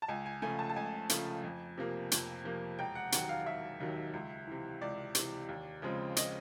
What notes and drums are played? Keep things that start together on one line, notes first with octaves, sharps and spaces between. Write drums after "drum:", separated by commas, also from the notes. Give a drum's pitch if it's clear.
A5
C#2 G#5
G#5
C#3 F3 A3 G#5
A5
A5
C#2 G#5
C#3 F3 A3, drum: hi-hat
F2
C3 F3 A#3
F2, drum: hi-hat
C3 F3 A#3
E1 G5
F#5
D#2 D#3 F#3 F#5, drum: hi-hat
F5
E1 E5
D#2 D#3 F#3
C#2
C3 E3
C#2 D5
C3 E3, drum: hi-hat
D#2
C#3 F3 G#3 C4
D#5, drum: hi-hat